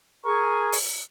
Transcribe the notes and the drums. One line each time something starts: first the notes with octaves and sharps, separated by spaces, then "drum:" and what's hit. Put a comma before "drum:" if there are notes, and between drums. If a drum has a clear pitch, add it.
G#4 A#4 G#5 C#6
drum: open hi-hat